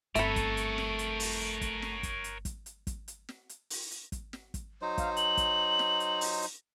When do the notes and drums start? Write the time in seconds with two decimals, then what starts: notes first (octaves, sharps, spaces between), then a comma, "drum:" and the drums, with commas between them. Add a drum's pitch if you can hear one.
0.15 G1 A3 C4 A4 A#4 C#5 E5 B5, drum: hi-hat
0.36 drum: kick, hi-hat
0.57 drum: hi-hat
0.78 drum: snare
0.99 drum: hi-hat
1.20 drum: open hi-hat
1.61 drum: kick, hi-hat
1.82 drum: snare
2.03 drum: kick, hi-hat
2.24 drum: hi-hat
2.45 drum: kick, hi-hat
2.66 drum: hi-hat
2.87 drum: kick, hi-hat
3.08 drum: hi-hat
3.29 drum: snare
3.49 drum: hi-hat
3.70 drum: open hi-hat
3.91 drum: hi-hat
4.12 drum: kick, hi-hat
4.33 drum: snare
4.54 drum: kick, hi-hat
4.82 F#3 D#4 C5
4.98 F5, drum: kick, hi-hat
5.17 F#7, drum: hi-hat
5.37 drum: kick, hi-hat
5.79 drum: snare
6.00 drum: hi-hat
6.21 drum: open hi-hat
6.42 drum: hi-hat